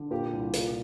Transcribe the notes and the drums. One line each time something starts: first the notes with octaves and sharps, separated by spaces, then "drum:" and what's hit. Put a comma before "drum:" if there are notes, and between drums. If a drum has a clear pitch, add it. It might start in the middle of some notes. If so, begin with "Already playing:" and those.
Already playing: D3
A#2 G4
C2
A#2, drum: hi-hat